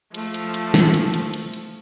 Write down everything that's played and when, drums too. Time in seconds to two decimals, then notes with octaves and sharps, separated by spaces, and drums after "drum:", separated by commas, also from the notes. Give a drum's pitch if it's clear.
0.14 F3 A3, drum: hi-hat
0.34 drum: hi-hat
0.54 drum: hi-hat
0.74 drum: snare
0.94 drum: hi-hat
1.14 drum: hi-hat
1.34 drum: hi-hat
1.53 drum: hi-hat